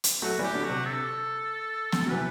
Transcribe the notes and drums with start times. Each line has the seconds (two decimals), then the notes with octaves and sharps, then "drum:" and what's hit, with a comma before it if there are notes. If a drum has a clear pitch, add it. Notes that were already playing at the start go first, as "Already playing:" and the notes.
0.04 drum: hi-hat
0.22 F#3 A3 F#4
0.39 E3 G3
0.44 G4
0.54 D3 F#3
0.64 F#4
0.70 C3
0.85 A4
1.92 drum: snare B3
2.06 F#3
2.10 C3 E3 B4